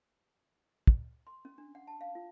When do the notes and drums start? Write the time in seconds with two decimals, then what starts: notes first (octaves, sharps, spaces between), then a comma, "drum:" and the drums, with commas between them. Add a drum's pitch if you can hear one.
0.87 drum: kick
1.27 C6
1.45 C#4
1.58 D4
1.75 F#5
1.87 A5
2.01 F5
2.15 F4